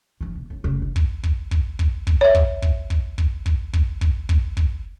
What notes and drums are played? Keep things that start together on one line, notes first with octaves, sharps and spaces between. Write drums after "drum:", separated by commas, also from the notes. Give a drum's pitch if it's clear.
E3 F3
B2
A1
F1 C#3
D#3
drum: kick
drum: kick
drum: kick
drum: kick
drum: kick
C#5 E5
drum: kick
drum: kick
drum: kick
drum: kick
drum: kick
drum: kick
drum: kick
drum: kick
drum: kick